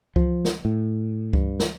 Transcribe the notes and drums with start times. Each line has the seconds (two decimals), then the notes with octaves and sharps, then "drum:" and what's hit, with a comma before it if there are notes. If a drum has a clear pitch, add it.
0.16 F3, drum: kick C#2
0.45 drum: snare
0.65 A2
1.33 G2, drum: kick C#2
1.59 drum: snare